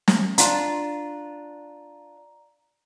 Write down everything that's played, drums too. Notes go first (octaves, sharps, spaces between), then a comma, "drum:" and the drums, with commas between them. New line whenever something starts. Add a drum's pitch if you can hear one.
drum: snare
D4 F4 A#5, drum: hi-hat